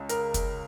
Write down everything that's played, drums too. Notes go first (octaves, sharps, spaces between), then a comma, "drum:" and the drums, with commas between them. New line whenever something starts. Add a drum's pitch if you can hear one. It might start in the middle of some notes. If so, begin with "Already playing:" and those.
Already playing: C#2
A#4, drum: hi-hat
drum: kick, hi-hat